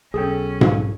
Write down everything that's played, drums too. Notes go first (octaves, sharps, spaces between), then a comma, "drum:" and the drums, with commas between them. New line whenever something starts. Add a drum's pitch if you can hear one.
B1 C#4 G#4 A4 G5
drum: tom G#2